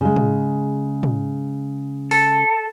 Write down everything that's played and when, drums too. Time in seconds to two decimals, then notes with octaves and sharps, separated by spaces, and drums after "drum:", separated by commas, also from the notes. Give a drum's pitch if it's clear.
0.01 C#3 G#3
0.16 drum: tom
1.03 drum: tom
2.11 A4, drum: open hi-hat